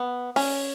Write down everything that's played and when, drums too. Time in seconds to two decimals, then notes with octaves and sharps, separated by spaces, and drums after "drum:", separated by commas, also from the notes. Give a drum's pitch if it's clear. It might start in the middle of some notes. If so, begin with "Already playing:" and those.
Already playing: B3
0.36 C#4, drum: open hi-hat